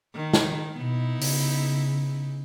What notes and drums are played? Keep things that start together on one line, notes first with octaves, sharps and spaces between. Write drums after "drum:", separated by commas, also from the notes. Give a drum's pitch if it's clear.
D#3
drum: snare
B2 B3 D#4 E4
C#3, drum: open hi-hat